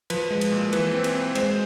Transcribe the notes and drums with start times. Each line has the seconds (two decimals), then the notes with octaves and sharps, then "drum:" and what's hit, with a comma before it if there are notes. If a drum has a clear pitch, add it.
0.10 F3 B4, drum: cymbal
0.31 G#3
0.41 drum: cymbal
0.52 A#2
0.73 E3 B4, drum: cymbal
0.93 C4
1.04 drum: cymbal
1.14 C4
1.35 G#3 C5, drum: cymbal